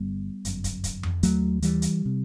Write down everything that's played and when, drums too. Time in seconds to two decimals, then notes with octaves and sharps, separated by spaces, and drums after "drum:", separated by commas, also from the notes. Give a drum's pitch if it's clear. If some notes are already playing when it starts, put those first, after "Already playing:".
Already playing: G1 G2 G3 B3
0.45 G1 F#2, drum: hi-hat
0.64 drum: kick, hi-hat
0.84 drum: kick, hi-hat
1.03 drum: tom F2
1.23 E1 D#2 F#3 A3, drum: hi-hat
1.62 E3 G3, drum: hi-hat
1.82 drum: hi-hat
2.06 C3